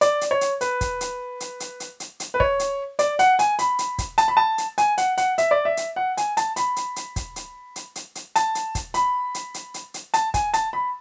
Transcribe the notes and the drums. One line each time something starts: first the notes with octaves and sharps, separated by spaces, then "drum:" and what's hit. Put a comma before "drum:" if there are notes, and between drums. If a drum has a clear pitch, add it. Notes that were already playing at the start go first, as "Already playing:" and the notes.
D5, drum: hi-hat
drum: hi-hat
C#5
drum: hi-hat
B4, drum: hi-hat
drum: kick, hi-hat
drum: hi-hat
drum: hi-hat
drum: hi-hat
drum: hi-hat
drum: hi-hat
drum: hi-hat
B4
C#5, drum: kick
drum: hi-hat
D5, drum: hi-hat
F#5, drum: hi-hat
G#5, drum: hi-hat
B5, drum: hi-hat
drum: hi-hat
drum: kick, hi-hat
A5, drum: hi-hat
B5
A5
drum: hi-hat
G#5, drum: hi-hat
F#5, drum: hi-hat
F#5, drum: hi-hat
E5, drum: hi-hat
D5
E5
drum: hi-hat
F#5
G#5, drum: hi-hat
A5, drum: hi-hat
B5, drum: hi-hat
drum: hi-hat
drum: hi-hat
drum: kick, hi-hat
drum: hi-hat
drum: hi-hat
drum: hi-hat
drum: hi-hat
A5, drum: hi-hat
drum: hi-hat
drum: kick, hi-hat
B5, drum: hi-hat
drum: hi-hat
drum: hi-hat
drum: hi-hat
drum: hi-hat
A5, drum: hi-hat
G#5, drum: kick, hi-hat
A5, drum: hi-hat
B5